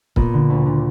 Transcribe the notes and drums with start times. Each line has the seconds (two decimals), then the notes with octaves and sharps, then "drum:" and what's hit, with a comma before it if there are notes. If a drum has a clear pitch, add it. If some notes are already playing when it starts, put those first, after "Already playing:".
0.16 A#2 B3, drum: kick C#1
0.34 D3
0.50 D2
0.66 D3